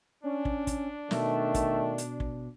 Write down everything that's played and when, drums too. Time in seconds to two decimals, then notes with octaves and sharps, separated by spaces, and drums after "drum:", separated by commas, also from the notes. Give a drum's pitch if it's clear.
0.24 C#4 D4
0.45 drum: kick
0.67 drum: kick, hi-hat
1.11 B2 D#3 A3, drum: snare
1.54 drum: kick, hi-hat
1.98 drum: hi-hat
2.20 drum: kick